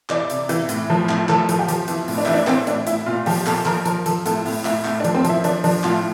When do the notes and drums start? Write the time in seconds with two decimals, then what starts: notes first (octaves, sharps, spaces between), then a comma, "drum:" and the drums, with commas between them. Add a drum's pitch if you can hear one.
0.10 E3 D5, drum: clap
0.30 C3, drum: hi-hat
0.49 E3, drum: hi-hat
0.69 A2, drum: hi-hat
0.90 F3
1.09 A2, drum: clap
1.29 F3 A4, drum: clap
1.49 F3, drum: hi-hat
1.59 G4
1.68 F3, drum: hi-hat
1.88 E3, drum: hi-hat
2.08 A2, drum: open hi-hat
2.18 D4
2.25 E3 E4, drum: clap
2.34 D4
2.47 E3 C4, drum: clap
2.67 A2 D4, drum: hi-hat
2.87 A2 E4, drum: hi-hat
3.06 A#2 F4
3.26 F3 G4, drum: open hi-hat
3.46 A#2 A4, drum: clap
3.66 F3 A#4, drum: clap
3.86 F3 A#4, drum: hi-hat
4.06 F3 A4, drum: hi-hat
4.26 A2 A4, drum: hi-hat
4.46 A2, drum: open hi-hat
4.65 A2 E4, drum: clap
4.85 A2 E4, drum: clap
5.00 D4
5.04 F3, drum: hi-hat
5.15 C4
5.25 F3 E4, drum: hi-hat
5.44 F3 D4, drum: hi-hat
5.64 F3 D4, drum: open hi-hat
5.84 A2 F4, drum: clap